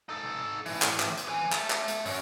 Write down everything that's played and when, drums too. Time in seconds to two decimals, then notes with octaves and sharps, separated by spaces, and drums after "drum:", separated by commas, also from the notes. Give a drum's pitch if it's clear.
0.09 D#4 A4
0.66 A2 E3, drum: open hi-hat
0.82 drum: clap
1.00 drum: clap
1.17 drum: hi-hat
1.28 B4 G#5
1.52 E5 A5, drum: clap
1.70 drum: clap
1.88 drum: hi-hat
2.05 F#2 F#3, drum: open hi-hat